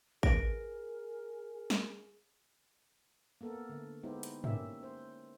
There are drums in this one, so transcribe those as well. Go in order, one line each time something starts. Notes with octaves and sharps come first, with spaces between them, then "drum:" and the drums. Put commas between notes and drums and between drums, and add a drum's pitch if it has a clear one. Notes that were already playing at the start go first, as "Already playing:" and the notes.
G#4 A#4 B4 A#6 D7, drum: kick A1
drum: snare
A#3 B3 A4 A#4
D3 A3
G#3 B3 D#4 E4 G4 C5
drum: hi-hat
A#3 C#4 G4 E5, drum: tom
C5